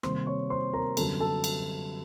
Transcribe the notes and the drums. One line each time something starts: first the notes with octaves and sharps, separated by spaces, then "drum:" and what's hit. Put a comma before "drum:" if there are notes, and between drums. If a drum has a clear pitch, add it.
C3 D#3 G3 A#3 C5 C6, drum: rim click
C#5 C#6
C5 C6
A#4 A#5
F#2 D3 G3 B3 A4 A5, drum: cymbal
A4 A5
drum: cymbal